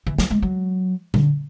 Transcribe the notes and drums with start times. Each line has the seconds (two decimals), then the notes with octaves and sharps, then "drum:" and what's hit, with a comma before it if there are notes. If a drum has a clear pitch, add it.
0.07 E3
0.18 F#3, drum: snare
0.30 G#3
0.42 F#3
1.14 D3, drum: tom A#2